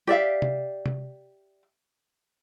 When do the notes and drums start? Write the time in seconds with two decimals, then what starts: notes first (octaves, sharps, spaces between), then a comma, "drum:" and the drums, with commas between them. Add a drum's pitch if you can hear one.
0.07 G4 D5 E5 F5
0.42 drum: tom C3
0.86 drum: tom C3